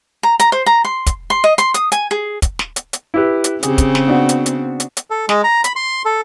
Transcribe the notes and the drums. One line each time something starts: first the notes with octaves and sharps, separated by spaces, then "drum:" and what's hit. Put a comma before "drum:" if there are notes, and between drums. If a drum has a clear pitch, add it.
A#5
A#5, drum: hi-hat
C5
A#5
C6
drum: kick, hi-hat
C6
D#5
C6, drum: hi-hat
D#6, drum: hi-hat
G#5, drum: hi-hat
G#4
drum: kick, hi-hat
drum: snare
drum: hi-hat
drum: hi-hat
E4 G4 B4
drum: hi-hat
C#3 C4 G4 G#4, drum: hi-hat
drum: kick, hi-hat
drum: snare
B3 D4 F#4
drum: hi-hat
drum: hi-hat
drum: hi-hat
drum: hi-hat
A4
G#3, drum: snare
A#5
B5, drum: hi-hat
C6
A4